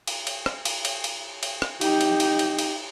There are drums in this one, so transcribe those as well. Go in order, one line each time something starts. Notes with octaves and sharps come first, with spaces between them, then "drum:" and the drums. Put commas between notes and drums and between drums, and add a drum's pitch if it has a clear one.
drum: cymbal
drum: cymbal
drum: rim click
drum: cymbal
drum: cymbal
drum: cymbal
drum: cymbal
drum: rim click
D#4 G4, drum: cymbal
drum: cymbal
drum: cymbal
drum: cymbal
drum: cymbal